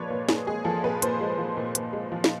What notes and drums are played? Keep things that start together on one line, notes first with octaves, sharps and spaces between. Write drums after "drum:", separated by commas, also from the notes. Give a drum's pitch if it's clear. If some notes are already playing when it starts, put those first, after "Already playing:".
Already playing: A#2 F3 G#3 B4 C#5 D5
A#2
A#2 G#4, drum: snare
G#3 G#4
F3 A4
A#2 B4
A#2 C5, drum: hi-hat
G#3
F3
A#2
A#2, drum: hi-hat
G#3
F3
drum: snare